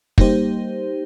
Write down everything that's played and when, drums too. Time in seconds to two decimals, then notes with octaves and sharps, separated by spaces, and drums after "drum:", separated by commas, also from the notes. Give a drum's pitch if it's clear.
0.18 G3 A#3 D#4 G4 C5, drum: kick